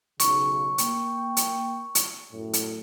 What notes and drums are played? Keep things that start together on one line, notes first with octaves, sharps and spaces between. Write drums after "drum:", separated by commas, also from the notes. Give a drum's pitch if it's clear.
B1 C#3 C#6, drum: hi-hat
A#3 G5, drum: hi-hat
drum: hi-hat
drum: hi-hat
F#2 A2
drum: hi-hat